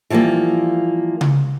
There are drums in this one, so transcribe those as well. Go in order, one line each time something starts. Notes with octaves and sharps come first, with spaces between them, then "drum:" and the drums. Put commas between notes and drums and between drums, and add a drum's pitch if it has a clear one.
E3 F3 G3 A3 A#3
drum: tom C#3